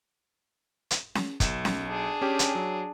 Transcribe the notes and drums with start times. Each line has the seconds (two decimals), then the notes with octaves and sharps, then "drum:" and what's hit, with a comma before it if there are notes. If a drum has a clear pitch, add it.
0.91 drum: hi-hat
1.15 drum: snare C#4
1.40 B1 E7, drum: kick, hi-hat
1.65 drum: snare C#4
1.86 D4 G#4
2.22 C#4 G4
2.39 drum: hi-hat
2.55 F#3